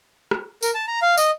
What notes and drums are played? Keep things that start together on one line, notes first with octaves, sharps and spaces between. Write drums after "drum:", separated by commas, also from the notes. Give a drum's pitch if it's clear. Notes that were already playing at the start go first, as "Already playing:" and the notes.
drum: rim click
A#4, drum: tambourine
A5
A#5
F5
D#5, drum: tambourine